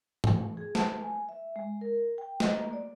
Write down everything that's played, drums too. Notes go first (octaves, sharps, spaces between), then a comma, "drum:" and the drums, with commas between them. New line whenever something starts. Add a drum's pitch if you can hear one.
A3, drum: tom G#2
G#4
A5, drum: snare
G#5
E5
G#3
A#4
G5
D#5, drum: snare
A#3
D5